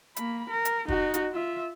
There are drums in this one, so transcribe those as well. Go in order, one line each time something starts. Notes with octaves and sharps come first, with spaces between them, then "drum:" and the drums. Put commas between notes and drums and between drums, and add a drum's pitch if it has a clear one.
A#3 B5, drum: hi-hat
A#4
drum: hi-hat
D#4 F#4, drum: kick
drum: hi-hat
F4 E5